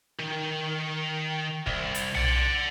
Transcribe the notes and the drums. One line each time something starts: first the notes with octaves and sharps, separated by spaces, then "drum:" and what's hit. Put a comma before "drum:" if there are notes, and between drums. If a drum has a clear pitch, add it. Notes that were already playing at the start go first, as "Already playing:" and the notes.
D#3
C2, drum: kick
drum: hi-hat
D5 F#5, drum: tom B1